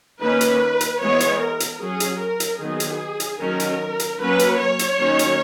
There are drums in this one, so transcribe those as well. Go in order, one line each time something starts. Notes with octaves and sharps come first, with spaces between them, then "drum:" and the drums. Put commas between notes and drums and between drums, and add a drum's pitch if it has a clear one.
D#3 A#3 C#4 B4
drum: hi-hat
drum: hi-hat
E3 G#3 B3 C#5
drum: hi-hat
A#4
drum: hi-hat
F#3 C#4 G#4
drum: hi-hat
A#4
drum: hi-hat
D#3 F#3 B3 G#4
drum: hi-hat
drum: hi-hat
D#3 F#3 C#4 A#4
drum: hi-hat
drum: hi-hat
F#3 A#3 C#4 B4
drum: hi-hat
C#5
drum: hi-hat
D#3 F#3 A#3 C#4
drum: hi-hat